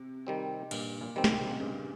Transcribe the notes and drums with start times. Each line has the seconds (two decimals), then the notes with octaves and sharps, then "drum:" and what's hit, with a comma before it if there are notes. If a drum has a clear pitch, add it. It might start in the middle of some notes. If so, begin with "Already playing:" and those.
Already playing: C3
0.27 D#3 G3 C4
0.71 G2 A#2, drum: cymbal
1.01 A#2
1.16 D#3 G3 C4
1.24 C#3, drum: snare
1.31 C3
1.60 G2 C#3